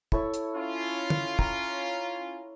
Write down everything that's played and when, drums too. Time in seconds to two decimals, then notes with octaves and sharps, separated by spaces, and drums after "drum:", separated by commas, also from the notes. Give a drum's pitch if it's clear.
0.12 E4 A4 C#5, drum: kick
0.34 drum: hi-hat
0.55 C#4 F4
1.10 drum: tom
1.39 A#5, drum: kick